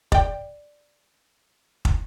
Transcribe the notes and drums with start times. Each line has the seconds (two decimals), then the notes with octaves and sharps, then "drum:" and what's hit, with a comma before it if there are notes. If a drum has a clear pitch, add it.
0.12 D5 G5, drum: kick
1.85 drum: kick